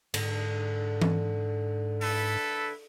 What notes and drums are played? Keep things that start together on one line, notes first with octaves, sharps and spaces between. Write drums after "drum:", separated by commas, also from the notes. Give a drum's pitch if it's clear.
G#2 D3, drum: cymbal
drum: tom E3
E4 A4 B4, drum: open hi-hat